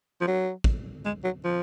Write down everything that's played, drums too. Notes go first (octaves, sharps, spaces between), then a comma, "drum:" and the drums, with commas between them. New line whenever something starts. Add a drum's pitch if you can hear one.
F3
F#3
drum: kick
G#3
F#3
F3